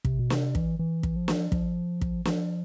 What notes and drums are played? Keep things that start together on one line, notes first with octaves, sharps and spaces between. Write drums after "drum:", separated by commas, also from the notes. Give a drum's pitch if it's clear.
C3, drum: kick
B2
C3, drum: snare
E3, drum: kick
E3
drum: kick
F3
drum: snare
F3, drum: kick
drum: kick
F3, drum: snare